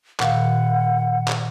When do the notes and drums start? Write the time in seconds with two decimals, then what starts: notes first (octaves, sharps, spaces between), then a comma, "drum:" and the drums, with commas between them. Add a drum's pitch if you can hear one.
0.20 A#2 D#3 F5 F#5, drum: clap
1.28 drum: clap